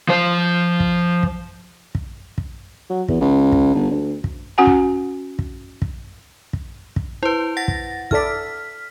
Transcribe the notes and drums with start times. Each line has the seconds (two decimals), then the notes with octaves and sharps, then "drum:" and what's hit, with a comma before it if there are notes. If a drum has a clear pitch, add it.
0.09 F3 C5
0.80 drum: kick
1.23 drum: kick
1.95 drum: kick
2.38 drum: kick
2.90 F#3
3.08 E2, drum: kick
3.21 C#2
3.52 drum: kick
3.75 G1
3.91 D2
4.24 drum: kick
4.58 C#4 F#4 F#5 G#5
4.67 drum: kick
5.39 drum: kick
5.82 drum: kick
6.53 drum: kick
6.96 drum: kick
7.23 E4 B4 C5
7.57 F#5 A6 A#6
7.68 drum: kick
8.11 E4 A4 D5 F6 B6, drum: kick